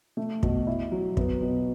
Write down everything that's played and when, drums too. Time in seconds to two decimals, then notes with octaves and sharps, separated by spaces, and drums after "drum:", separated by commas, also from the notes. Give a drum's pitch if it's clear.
0.17 A3
0.43 B2, drum: kick
0.67 E4
0.92 F#3
1.17 B3, drum: kick
1.42 B2